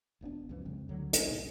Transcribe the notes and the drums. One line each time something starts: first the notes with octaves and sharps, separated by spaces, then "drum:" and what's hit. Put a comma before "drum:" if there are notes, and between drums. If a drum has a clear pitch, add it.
E1 G2 B3 D4
C#2 F#2 E3 F3
F2 C#3 G#3 C4
D2 D3 F#3
B1, drum: hi-hat
C2 F2 A#2